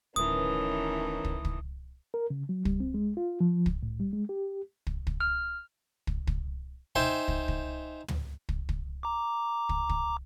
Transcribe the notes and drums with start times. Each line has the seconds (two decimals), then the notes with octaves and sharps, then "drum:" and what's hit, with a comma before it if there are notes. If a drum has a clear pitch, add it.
0.16 D1 D#3 E3 A3 C#4 A#4 B4 D#6
1.24 drum: kick
1.45 drum: kick
2.14 A#4
2.30 C#3
2.49 F#3
2.65 G3, drum: kick
2.80 C4
2.94 G#3
3.17 F4
3.40 F3
3.66 drum: kick
3.83 A2
4.00 G3
4.13 G#3
4.29 G4
4.87 drum: kick
5.07 drum: kick
5.20 F6
6.07 drum: kick
6.27 drum: kick
6.95 D#4 C5 E5 G5 G#5
7.28 drum: kick
7.48 drum: kick
8.08 drum: tom
8.49 drum: kick
8.69 drum: kick
9.03 A#5 D6
9.69 drum: kick
9.89 drum: kick